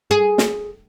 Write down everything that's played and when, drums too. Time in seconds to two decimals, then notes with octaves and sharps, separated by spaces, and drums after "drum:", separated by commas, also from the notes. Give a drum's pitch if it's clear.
0.11 G#4
0.38 drum: snare